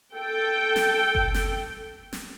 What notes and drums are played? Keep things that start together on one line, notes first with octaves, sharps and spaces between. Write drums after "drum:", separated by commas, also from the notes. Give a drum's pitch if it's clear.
A4 G5
drum: snare
drum: kick F#1
drum: snare
drum: snare